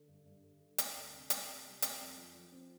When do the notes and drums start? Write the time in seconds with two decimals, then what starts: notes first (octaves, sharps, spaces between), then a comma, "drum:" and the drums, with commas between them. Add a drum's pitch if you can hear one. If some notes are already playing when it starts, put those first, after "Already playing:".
Already playing: D3
0.08 G2
0.26 G2
0.43 D3
0.60 D3
0.78 G3, drum: hi-hat
0.95 D2
1.12 C3
1.30 G3, drum: hi-hat
1.48 C3
1.65 G3
1.82 C4, drum: hi-hat
2.00 F2
2.17 F3
2.34 F3
2.52 C4